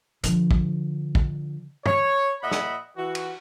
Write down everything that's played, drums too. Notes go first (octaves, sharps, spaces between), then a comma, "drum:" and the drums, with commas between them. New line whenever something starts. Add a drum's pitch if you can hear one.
D3 F3, drum: hi-hat
drum: kick
drum: kick
C#5, drum: tom
A#2 D#5 E5 F#5 B5
drum: snare
E3 F#4
drum: cymbal